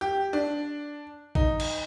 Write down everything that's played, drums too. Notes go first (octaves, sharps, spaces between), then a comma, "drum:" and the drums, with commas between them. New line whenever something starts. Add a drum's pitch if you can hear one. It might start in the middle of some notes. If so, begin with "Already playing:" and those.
G4
D4
D#4, drum: kick A1
drum: cymbal